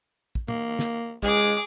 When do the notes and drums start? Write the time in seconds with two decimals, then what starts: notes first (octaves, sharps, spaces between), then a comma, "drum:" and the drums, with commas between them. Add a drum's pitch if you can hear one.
0.35 drum: kick
0.48 A#3, drum: tom
0.79 drum: snare
1.23 G#3 G#4 D6, drum: kick